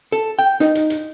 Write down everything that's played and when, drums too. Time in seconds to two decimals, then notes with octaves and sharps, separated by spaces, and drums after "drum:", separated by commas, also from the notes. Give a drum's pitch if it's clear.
0.12 A4
0.39 G5
0.60 D#4, drum: snare
0.75 drum: hi-hat
0.90 drum: hi-hat